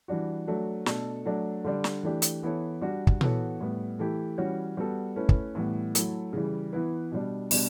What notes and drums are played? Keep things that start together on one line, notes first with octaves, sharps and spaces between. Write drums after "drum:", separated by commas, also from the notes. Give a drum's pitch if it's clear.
E3 G3 D4 F#4
F#3 A3 D4 F#4
B2 A3 D4 A4, drum: snare
F#3 A3 D4
D3 G3 D4
drum: snare
E3 A3 D4 G4
drum: hi-hat
E3 B3 E4 A4 C#5
G3 D4 F#4
drum: kick
E3 B3 F#4 A4 C#5, drum: tom A#2
A2 G3 B3
E3 A3 E4 G4
E3 G3 C#4 F#4 C#5
G3 B3 F#4 A4
A3 C#4 E4 B4
drum: kick
A2 E3 G3 B3
F#3 A3 E4 A4, drum: hi-hat
C#3 E3 G3
E3 B3 E4 B4
B2 G3 D4
B2 G3 D4, drum: open hi-hat